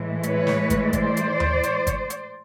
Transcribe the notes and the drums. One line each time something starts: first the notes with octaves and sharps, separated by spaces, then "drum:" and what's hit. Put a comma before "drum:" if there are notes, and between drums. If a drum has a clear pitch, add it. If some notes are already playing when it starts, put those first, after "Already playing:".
Already playing: A2 E3 G#3
B4 C#5, drum: hi-hat
drum: snare
drum: kick, hi-hat
C5 D5, drum: kick, hi-hat
drum: hi-hat
drum: tom D#2
drum: hi-hat
drum: kick, hi-hat
drum: hi-hat